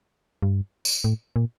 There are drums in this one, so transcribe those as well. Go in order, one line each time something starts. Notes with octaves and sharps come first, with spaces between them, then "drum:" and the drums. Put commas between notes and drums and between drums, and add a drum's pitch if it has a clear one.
G2
drum: tambourine
A2
A#2